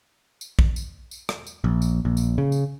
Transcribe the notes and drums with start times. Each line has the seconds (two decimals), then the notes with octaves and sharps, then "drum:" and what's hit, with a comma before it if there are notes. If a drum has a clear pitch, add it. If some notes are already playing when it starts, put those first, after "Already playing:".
0.41 drum: tambourine
0.59 drum: kick A#1
0.76 drum: tambourine
1.11 drum: tambourine
1.29 drum: rim click
1.47 drum: tambourine
1.64 A#1
1.82 drum: tambourine
2.05 A#1
2.17 drum: tambourine
2.38 C#3
2.52 drum: tambourine